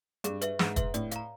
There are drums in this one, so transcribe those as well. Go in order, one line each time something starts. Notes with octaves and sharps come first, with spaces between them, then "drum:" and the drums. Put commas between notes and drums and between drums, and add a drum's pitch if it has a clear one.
G2 G#4, drum: hi-hat
B4 E5, drum: hi-hat
G#2 G#4, drum: snare
B4 E5, drum: kick, hi-hat
A2 D5, drum: hi-hat
F5 A#5, drum: hi-hat